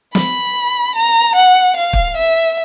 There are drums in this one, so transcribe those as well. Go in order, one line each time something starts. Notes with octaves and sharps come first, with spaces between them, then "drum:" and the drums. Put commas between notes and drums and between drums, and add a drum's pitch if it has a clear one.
B5, drum: snare
A#5
F#5
F5
drum: kick
E5